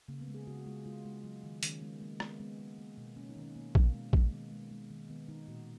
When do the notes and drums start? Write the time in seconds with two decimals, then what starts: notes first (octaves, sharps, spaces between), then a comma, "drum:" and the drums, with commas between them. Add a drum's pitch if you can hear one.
0.08 C#3 A#3
0.21 B3
0.28 G#3
0.34 G#4
0.47 C#3 F#4
0.59 F#4
0.66 G#3 F4
0.85 G#3 F4
1.05 G#3
1.24 F#3
1.44 D#3
1.63 D#3 C#4, drum: hi-hat
1.82 G#3 B3
2.01 G#3 A#3
2.20 G#3 B3, drum: rim click
2.40 G#3 B3
2.59 G#3
2.78 A#3
2.98 B2
3.17 A#3 C#4
3.29 D#4
3.36 D#3
3.42 C#4
3.56 B2 A#3
3.75 B2, drum: kick A#1
3.94 G#3
4.13 G#3, drum: kick A#1
4.25 A#3
4.32 D#3 B3
4.52 G#3
4.71 G#3
4.90 D#3
5.10 D#3 B3
5.29 D#3 D#4
5.48 A#2 F#4